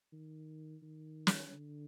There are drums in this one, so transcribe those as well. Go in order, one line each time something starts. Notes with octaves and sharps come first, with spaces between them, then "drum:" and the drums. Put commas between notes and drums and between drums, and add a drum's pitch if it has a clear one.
D#3
D#3
drum: snare
D3